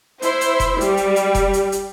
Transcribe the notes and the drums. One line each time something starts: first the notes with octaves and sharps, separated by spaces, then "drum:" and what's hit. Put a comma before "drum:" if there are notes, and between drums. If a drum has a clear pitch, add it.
E4 C5, drum: hi-hat
drum: hi-hat
drum: kick F1, hi-hat
G3, drum: hi-hat
drum: hi-hat
drum: hi-hat
drum: kick F1, hi-hat
drum: hi-hat
drum: hi-hat